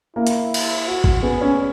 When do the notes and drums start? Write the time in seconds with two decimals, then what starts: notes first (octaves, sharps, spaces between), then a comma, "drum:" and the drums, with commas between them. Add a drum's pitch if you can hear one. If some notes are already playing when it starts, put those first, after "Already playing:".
0.16 A#3 E4
0.27 drum: hi-hat
0.54 drum: cymbal
0.88 F#4
1.04 drum: kick A1
1.22 B3 G#4
1.41 C#4